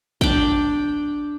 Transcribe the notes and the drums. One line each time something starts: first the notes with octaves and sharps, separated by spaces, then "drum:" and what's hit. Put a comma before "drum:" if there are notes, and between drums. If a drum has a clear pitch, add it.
D4 G5, drum: kick